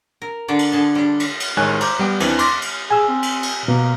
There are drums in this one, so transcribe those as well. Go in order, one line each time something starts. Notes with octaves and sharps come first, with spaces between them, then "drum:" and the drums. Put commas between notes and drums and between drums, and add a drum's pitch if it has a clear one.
A#4
D3 D4 D5
drum: cymbal
D3 G#4 A5
G3 D4
drum: cymbal
drum: cymbal
A1 D#3 G#3 C#5 G#5 F#6
C5 A#5 D6 G6, drum: cymbal
G3 B3 G5
D#2 E3 C4 D4, drum: cymbal
C6 D6 A6 A#6, drum: cymbal
drum: cymbal
G#4 G#5 E6
C4
drum: cymbal
drum: cymbal
B2 A#3